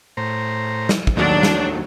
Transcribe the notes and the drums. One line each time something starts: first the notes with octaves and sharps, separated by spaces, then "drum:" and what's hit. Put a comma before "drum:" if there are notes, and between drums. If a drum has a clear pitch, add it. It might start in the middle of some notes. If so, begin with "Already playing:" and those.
A2 C5 A#5
drum: snare
drum: kick
D#2 D#3 F#3 A3 D4
drum: snare